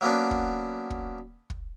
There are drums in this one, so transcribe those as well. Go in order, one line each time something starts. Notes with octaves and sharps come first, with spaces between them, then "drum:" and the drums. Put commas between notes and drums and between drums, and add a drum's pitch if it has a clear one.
F#3 A#3 B3 C#4 D4
drum: kick
drum: kick
drum: kick